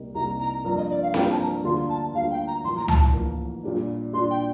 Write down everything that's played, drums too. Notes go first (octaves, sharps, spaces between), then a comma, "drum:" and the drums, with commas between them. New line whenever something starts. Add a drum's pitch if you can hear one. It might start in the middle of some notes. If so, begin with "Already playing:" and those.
Already playing: C2 C3 G3 A#3 D#4
C2 C3 G3 A#3 D#4 A#5
A#5
G2 F3 A#3 A#5
D#5
D5
F5
G2 F3 A#3 G5, drum: snare C4
A5
A#5
D2 D3 G3 A#3 F4 C6
A5
D2 D3 G3 A#3 F4 F5
G5
A#5
A1 A2 F3 A#3 C6
A#5
A5, drum: tom C#2
A1 A2 F3 A#3
A#2 G3 D4
A#2 G3 D4 C6
G5